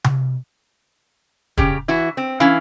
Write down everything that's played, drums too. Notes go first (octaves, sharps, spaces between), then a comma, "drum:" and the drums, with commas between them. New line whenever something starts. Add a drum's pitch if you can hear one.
drum: tom C3
C#3 G4 G5, drum: kick
E3 E4 F#4
C4
E3 C#4 E4 F5